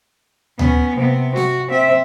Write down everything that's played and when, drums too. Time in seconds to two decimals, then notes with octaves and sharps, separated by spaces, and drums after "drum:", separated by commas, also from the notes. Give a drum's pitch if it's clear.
0.59 B3 C#4, drum: tom D2
0.98 C3 B3
1.36 F#4, drum: snare C4
1.70 C4 E5